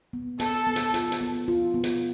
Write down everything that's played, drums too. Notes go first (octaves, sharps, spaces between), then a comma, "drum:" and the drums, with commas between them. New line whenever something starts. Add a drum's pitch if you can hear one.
B3
B3 A4, drum: hi-hat
B3
drum: hi-hat
F4, drum: hi-hat
drum: hi-hat
B3
F4
B3
drum: hi-hat